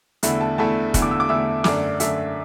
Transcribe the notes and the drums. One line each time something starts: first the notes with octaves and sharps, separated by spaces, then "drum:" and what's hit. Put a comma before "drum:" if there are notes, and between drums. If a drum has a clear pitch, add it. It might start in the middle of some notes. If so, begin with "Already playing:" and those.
E2 D3 A3 E4 B5, drum: hi-hat
A5
E2 D3 A3 E4 A5
E2 D3 A3 E4, drum: kick, hi-hat
D6
E6
D6
E2 D3 A3 E4 E6
F#2 D3 A3 D4 D6, drum: snare
F#2 D3 A3 D4 E5, drum: hi-hat